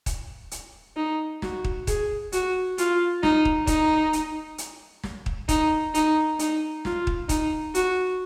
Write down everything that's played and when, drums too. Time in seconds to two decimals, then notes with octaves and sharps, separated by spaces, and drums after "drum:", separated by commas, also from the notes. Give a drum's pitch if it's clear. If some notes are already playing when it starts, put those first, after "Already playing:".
0.06 drum: kick, hi-hat
0.51 drum: hi-hat
0.96 D#4
1.42 F#4, drum: snare
1.64 drum: kick
1.87 G#4, drum: kick, hi-hat
2.32 F#4, drum: hi-hat
2.78 F4, drum: hi-hat
3.23 D#4, drum: snare
3.45 drum: kick
3.67 D#4, drum: kick, hi-hat
4.13 drum: hi-hat
4.58 drum: hi-hat
5.03 drum: snare
5.26 drum: kick
5.49 D#4, drum: kick, hi-hat
5.95 D#4, drum: hi-hat
6.39 D#4, drum: hi-hat
6.85 F4, drum: snare
7.07 drum: kick
7.29 D#4, drum: kick, hi-hat
7.75 F#4, drum: hi-hat